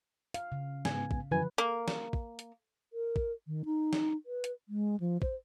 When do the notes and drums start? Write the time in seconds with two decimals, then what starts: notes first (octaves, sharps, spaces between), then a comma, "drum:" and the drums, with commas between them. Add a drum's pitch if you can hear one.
0.34 F5, drum: hi-hat
0.52 C#3
0.85 G#2 B3 G#5, drum: snare
1.11 drum: kick
1.31 F#2 D3 E3 F3 B4 G#5
1.58 A#3
1.88 drum: snare
2.13 drum: kick
2.39 drum: hi-hat
2.93 A#4
3.16 drum: kick
3.47 D#3
3.65 D#4
3.93 drum: snare
4.26 B4
4.44 drum: hi-hat
4.69 G#3
5.00 F3
5.22 C5, drum: kick